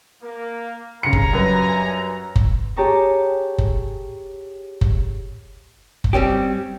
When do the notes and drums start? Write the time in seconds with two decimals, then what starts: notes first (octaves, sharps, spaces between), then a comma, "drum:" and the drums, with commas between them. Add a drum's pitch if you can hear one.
0.23 A#3
1.03 G2 C#3 G#5 A#5 C#7
1.13 drum: kick F#1
1.33 F#2 B4
2.36 drum: kick F#1
2.77 G4 G#4 C#5 A5 A#5 C#6
3.58 drum: kick F#1
4.81 drum: kick F#1
6.04 drum: kick F#1
6.13 G3 C4 C#4 G4